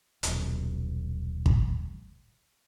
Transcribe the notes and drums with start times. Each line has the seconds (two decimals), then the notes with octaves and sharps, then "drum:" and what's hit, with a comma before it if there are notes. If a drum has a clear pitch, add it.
0.23 D#1 B1, drum: hi-hat
1.46 drum: kick